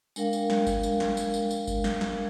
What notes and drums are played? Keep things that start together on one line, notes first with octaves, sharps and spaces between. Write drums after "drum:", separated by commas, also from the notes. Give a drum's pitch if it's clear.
G#3 D4 A#4 F5 G5, drum: tambourine
drum: tambourine
drum: snare
drum: kick G1, tambourine
drum: tambourine
drum: snare
drum: tambourine
drum: tambourine
drum: tambourine
drum: kick G1, tambourine
drum: snare
drum: snare